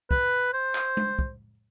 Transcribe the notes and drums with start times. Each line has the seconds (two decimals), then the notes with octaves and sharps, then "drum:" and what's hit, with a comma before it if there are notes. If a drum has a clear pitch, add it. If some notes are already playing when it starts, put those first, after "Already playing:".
0.11 B4, drum: kick
0.53 C5
0.75 drum: clap
0.97 drum: tom G#3
1.19 drum: kick